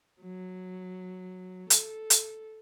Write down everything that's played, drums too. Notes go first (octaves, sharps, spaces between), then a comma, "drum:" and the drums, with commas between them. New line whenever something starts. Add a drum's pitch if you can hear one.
F#3
A4, drum: hi-hat
drum: hi-hat